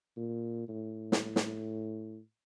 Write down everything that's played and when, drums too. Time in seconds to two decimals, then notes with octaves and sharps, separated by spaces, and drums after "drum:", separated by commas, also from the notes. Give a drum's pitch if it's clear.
0.17 A#2
0.68 A2
1.12 drum: snare
1.36 drum: snare